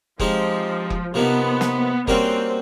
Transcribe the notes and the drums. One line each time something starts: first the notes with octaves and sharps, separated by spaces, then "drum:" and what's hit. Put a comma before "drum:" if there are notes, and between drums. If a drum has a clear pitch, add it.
F3 G#3 C4 D#4 G4, drum: kick F1
drum: kick F1
C3 F3 A#3 B3 D#4
drum: snare
G3 A#3 C4 C#4 F#4 A#4, drum: kick F1